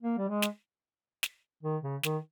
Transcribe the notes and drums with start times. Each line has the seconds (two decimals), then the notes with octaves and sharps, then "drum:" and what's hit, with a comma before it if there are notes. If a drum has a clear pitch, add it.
0.02 A#3
0.18 G3
0.29 G#3
0.42 drum: snare
1.23 drum: snare
1.63 D#3
1.83 C#3
2.03 D#3, drum: snare